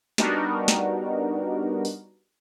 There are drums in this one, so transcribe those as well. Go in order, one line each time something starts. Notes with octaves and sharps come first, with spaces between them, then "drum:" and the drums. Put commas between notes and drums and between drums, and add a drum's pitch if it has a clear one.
G3 B3 D4 D#4 F#4 A#4, drum: snare
drum: snare
drum: open hi-hat